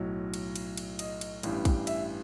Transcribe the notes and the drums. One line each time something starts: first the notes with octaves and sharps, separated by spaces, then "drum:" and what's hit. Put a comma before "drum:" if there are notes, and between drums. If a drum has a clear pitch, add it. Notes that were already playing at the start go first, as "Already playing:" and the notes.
Already playing: B1 A2 F#3
drum: cymbal
drum: cymbal
drum: cymbal
D#5, drum: cymbal
drum: cymbal
A1 G2 E3 G3, drum: cymbal
drum: kick, cymbal
E5, drum: cymbal